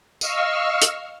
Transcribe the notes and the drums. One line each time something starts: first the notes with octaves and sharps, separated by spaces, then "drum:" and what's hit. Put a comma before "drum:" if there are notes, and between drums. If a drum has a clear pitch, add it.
D#5 F5 C#6 E6 F6, drum: tambourine
drum: hi-hat